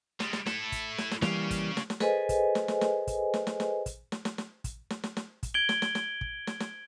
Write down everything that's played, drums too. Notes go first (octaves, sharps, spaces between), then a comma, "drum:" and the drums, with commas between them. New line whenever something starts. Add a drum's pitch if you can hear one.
G3 G#3, drum: snare
drum: snare
E4 A4, drum: snare
drum: kick, hi-hat
drum: snare
drum: snare
E3 G3 A#3 C#4 F5, drum: snare
drum: kick, hi-hat
drum: snare
drum: snare
G#4 A4 B4 C5 D#5 G#5, drum: snare
drum: kick, hi-hat
drum: snare
drum: snare
drum: snare
drum: kick, hi-hat
drum: snare
drum: snare
drum: snare
drum: kick, hi-hat
drum: snare
drum: snare
drum: snare
drum: kick, hi-hat
drum: snare
drum: snare
drum: snare
drum: kick, hi-hat
G#6 D7 F#7 G7
drum: snare
drum: snare
drum: snare
drum: kick
drum: snare
drum: snare